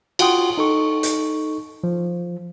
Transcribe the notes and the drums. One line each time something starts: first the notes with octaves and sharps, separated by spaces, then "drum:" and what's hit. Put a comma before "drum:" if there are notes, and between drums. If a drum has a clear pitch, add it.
F4 F#4 F#5 G5 C6 D#6, drum: cymbal
D#4 A4 C#6
drum: hi-hat
F3